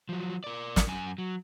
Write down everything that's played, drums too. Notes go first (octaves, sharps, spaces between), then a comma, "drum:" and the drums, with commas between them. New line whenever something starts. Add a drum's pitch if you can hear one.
F3 F#3
A#4 D5
drum: snare
F#2 G#5
F#3